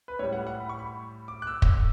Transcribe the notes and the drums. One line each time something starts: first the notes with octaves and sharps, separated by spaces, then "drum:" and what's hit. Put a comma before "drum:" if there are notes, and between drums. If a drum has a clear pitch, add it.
B4
A2 G3 C#5
F#5
F#5
B5
C#6
B5
D6
F#6
E6
drum: kick